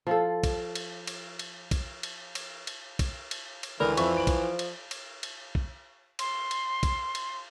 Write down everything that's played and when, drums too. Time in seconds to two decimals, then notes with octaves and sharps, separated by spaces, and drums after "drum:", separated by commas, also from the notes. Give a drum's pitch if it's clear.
0.07 F3 F4 A4
0.43 drum: kick A#1, cymbal
0.75 drum: cymbal
1.07 drum: cymbal
1.39 drum: cymbal
1.71 drum: kick A#1, cymbal
2.03 drum: cymbal
2.35 drum: cymbal
2.67 drum: cymbal
2.99 drum: kick A#1, cymbal
3.31 drum: cymbal
3.63 drum: cymbal
3.80 C#2 D3 E3 A4 A#4 D5 B5
3.97 F2 F3 E5 B5 C#6, drum: cymbal
4.17 D7 F#7
4.27 drum: kick A#1, cymbal
4.59 drum: cymbal
4.91 drum: cymbal
5.23 drum: cymbal
5.55 drum: kick A#1
6.19 C6, drum: cymbal
6.51 drum: cymbal
6.83 drum: kick A#1, cymbal
7.15 drum: cymbal